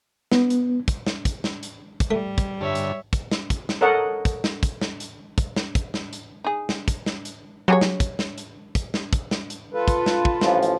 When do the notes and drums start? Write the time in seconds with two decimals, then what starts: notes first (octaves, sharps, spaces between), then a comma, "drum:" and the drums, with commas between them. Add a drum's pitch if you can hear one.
0.32 B3, drum: snare
0.50 drum: hi-hat
0.88 drum: kick, hi-hat
1.07 drum: snare
1.25 drum: kick, hi-hat
1.44 drum: snare
1.63 drum: hi-hat
2.00 drum: kick, hi-hat
2.11 G3 A3
2.38 drum: kick, hi-hat
2.61 G2 D3 C#5 E5
2.75 drum: hi-hat
3.13 drum: kick, hi-hat
3.31 drum: snare
3.50 drum: kick, hi-hat
3.69 drum: snare
3.81 A4 A#4 C#5 D#5 F#5 A5
4.25 drum: kick, hi-hat
4.44 drum: snare
4.63 drum: kick, hi-hat
4.81 drum: snare
5.00 drum: hi-hat
5.38 drum: kick, hi-hat
5.56 drum: snare
5.75 drum: kick, hi-hat
5.94 drum: snare
6.13 drum: hi-hat
6.44 D#4 G#4
6.69 drum: snare
6.88 drum: kick, hi-hat
7.06 drum: snare
7.25 drum: hi-hat
7.68 F#3 G4 G#4 C#5
7.81 drum: snare
8.00 drum: kick, hi-hat
8.19 drum: snare
8.38 drum: hi-hat
8.75 drum: kick, hi-hat
8.94 drum: snare
9.13 drum: kick, hi-hat
9.31 drum: snare
9.50 drum: hi-hat
9.74 F4 A4 B4
9.88 drum: kick, hi-hat
10.06 drum: snare
10.25 drum: kick
10.41 A1 F3, drum: snare
10.63 drum: hi-hat